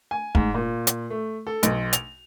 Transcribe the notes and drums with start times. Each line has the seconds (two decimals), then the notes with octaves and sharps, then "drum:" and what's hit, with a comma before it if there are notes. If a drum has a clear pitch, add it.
0.11 G#5
0.35 G#2, drum: kick
0.54 A#2
0.87 drum: hi-hat
1.10 A3
1.47 A4
1.63 B1, drum: hi-hat
1.93 F7, drum: hi-hat